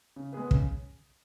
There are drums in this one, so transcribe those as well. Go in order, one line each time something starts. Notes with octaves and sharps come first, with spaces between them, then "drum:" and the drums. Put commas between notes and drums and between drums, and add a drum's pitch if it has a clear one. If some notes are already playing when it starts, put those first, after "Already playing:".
C#3
G#3 B3 G#4 B4
C#3, drum: kick